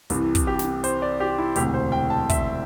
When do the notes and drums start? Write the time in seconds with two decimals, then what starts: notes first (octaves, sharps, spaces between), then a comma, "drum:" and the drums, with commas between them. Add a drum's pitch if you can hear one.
0.10 C2 C3 E3, drum: hi-hat
0.35 drum: kick, hi-hat
0.47 G4
0.59 drum: snare
0.84 C5, drum: hi-hat
1.02 D5
1.20 G4
1.38 E4
1.56 E1 D2 C3 G4, drum: hi-hat
1.74 C5
1.92 G5
2.10 A5
2.29 E5, drum: kick, hi-hat